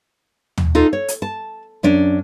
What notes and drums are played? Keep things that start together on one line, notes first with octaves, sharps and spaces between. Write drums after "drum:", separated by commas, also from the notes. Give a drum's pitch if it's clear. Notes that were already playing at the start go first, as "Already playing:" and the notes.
drum: tom
D#4 F4 A4
C#5
drum: hi-hat
A5
F#2 C#4 D4